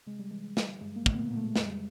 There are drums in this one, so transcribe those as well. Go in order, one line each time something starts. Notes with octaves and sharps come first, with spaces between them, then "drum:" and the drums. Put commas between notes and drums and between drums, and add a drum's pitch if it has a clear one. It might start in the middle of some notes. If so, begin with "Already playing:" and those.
C3 G#3
G3
E3 G#3
G#3
D3 G3, drum: snare
G2 G#3
A#3
A2 C#3 A3, drum: kick
B3
A#2 A#3
A#2 C#3 A#3
A3
G#3
F2 G#3, drum: snare
G3